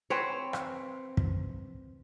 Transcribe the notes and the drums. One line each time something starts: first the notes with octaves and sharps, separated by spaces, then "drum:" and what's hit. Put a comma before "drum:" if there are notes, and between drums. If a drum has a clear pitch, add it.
C4 B4 C#5
drum: rim click
drum: kick